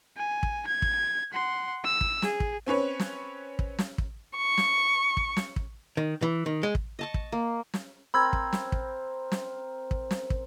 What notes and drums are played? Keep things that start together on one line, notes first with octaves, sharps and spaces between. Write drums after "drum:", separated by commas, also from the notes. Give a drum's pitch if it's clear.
G#5
drum: kick
G#6
drum: kick
F#5 C6
E6
drum: kick
G#4, drum: snare
drum: kick
C4 C#4 B4 C#5
drum: snare
drum: kick
drum: snare
drum: kick
C#6
drum: snare
drum: kick
drum: snare
drum: kick
D#3
E3
D#3
G#3
drum: kick
D#5 A5 C#6
drum: kick
A#3
drum: snare
C4 A#4 B5 E6 G#6
drum: kick
drum: snare
drum: kick
drum: snare
drum: kick
drum: snare
drum: kick